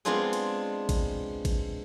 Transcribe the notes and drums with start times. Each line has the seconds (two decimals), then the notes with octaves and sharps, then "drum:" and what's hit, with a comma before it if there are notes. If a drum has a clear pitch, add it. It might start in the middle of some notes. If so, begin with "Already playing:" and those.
0.05 G#3 B3 C4 D4 F4 G#4
0.33 drum: cymbal
0.89 drum: kick G#1, cymbal
1.45 drum: kick G#1, cymbal